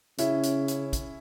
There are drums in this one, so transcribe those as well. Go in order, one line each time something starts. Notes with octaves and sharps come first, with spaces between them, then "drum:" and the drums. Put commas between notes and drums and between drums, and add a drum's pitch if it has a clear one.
C#3 C#4 E4, drum: hi-hat
drum: hi-hat
drum: hi-hat
drum: kick, hi-hat